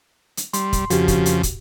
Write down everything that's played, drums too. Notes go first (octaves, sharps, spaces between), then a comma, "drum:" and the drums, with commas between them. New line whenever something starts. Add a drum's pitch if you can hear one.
drum: hi-hat
G3 C6, drum: hi-hat
drum: kick, hi-hat
F2 C#3 F3 F#4 G4, drum: hi-hat
drum: kick, hi-hat
drum: hi-hat
drum: kick, hi-hat